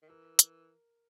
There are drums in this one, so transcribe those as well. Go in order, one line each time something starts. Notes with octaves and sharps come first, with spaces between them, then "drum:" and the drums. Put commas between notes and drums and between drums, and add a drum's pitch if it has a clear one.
D#3
E3 A#4
drum: hi-hat